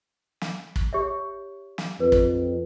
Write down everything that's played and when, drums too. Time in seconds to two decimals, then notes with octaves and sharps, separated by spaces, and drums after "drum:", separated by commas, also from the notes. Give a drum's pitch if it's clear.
0.41 drum: snare
0.76 drum: kick
0.93 G4 C#5 E5
1.78 drum: snare
2.00 F2 B4
2.12 drum: kick